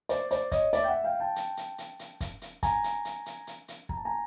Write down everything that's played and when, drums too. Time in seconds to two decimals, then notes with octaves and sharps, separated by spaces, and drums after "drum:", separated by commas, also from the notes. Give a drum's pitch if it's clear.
0.09 C5 D5, drum: hi-hat
0.31 C5 D5, drum: hi-hat
0.52 C#5 D#5, drum: kick, hi-hat
0.73 D5 E5, drum: hi-hat
0.84 G5
0.88 E5 F#5
1.04 F5 G5
1.20 G5 A5
1.36 drum: hi-hat
1.57 drum: hi-hat
1.78 drum: hi-hat
1.99 drum: hi-hat
2.20 drum: kick, hi-hat
2.42 drum: hi-hat
2.63 G#5 A#5, drum: kick, hi-hat
2.84 drum: hi-hat
3.05 drum: hi-hat
3.26 drum: hi-hat
3.47 drum: hi-hat
3.68 drum: hi-hat
3.89 A#5, drum: kick
3.97 A5
4.05 G#5 A#5